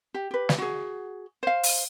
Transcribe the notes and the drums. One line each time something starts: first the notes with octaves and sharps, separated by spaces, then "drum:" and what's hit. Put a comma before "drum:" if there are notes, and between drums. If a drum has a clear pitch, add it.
G4
G4 B4
drum: snare
F#4 G#4
C5 F5
drum: open hi-hat